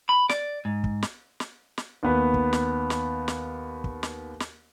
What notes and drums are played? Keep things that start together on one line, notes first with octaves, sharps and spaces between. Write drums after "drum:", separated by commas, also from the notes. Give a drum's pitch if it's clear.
B5
D5, drum: snare
G#2
drum: kick
drum: snare
drum: snare
drum: snare
D#2 B3 B4
drum: kick
drum: snare
drum: snare
drum: snare
drum: kick
drum: snare
drum: snare